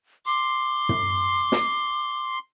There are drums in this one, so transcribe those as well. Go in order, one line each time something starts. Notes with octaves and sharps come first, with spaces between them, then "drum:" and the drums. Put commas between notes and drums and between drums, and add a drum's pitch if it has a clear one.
C6 D6
drum: tom
drum: snare